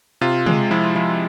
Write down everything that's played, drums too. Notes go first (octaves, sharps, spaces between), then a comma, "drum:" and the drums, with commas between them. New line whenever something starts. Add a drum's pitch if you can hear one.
C3 F4
G#3, drum: tom
F3 E4
F3 E4